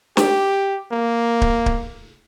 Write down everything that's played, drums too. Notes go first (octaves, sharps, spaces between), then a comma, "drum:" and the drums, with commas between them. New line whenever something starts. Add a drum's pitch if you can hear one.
G4, drum: snare
A#3
drum: kick D1
drum: kick D1